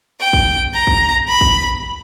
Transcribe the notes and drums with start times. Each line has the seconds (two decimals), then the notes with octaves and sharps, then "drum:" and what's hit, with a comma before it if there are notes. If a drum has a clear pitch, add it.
0.20 G5
0.33 drum: kick
0.74 A#5
0.87 drum: kick
1.28 B5
1.41 drum: kick